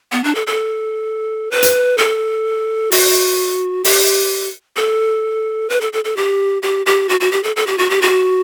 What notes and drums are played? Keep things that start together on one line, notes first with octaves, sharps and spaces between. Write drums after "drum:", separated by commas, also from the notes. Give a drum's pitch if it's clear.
B3
D4
A4
A4
B4
drum: hi-hat
A4
F#4, drum: open hi-hat
G4, drum: open hi-hat
A4
B4
A4
A4
A4
G4
G4
G4
F#4
F#4
G4
A4
A4
G4
F#4
G4
F#4